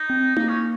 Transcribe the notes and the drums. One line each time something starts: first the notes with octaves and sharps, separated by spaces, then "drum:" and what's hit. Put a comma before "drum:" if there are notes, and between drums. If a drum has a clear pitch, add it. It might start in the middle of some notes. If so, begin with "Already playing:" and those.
Already playing: D#4
C4
A#3 D#4, drum: tom D#4
C#4